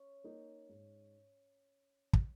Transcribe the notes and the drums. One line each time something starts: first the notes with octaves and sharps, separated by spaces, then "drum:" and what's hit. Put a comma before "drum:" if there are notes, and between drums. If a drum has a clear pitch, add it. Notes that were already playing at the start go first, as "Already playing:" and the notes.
Already playing: C#4
A#3 D#4
G#2
drum: kick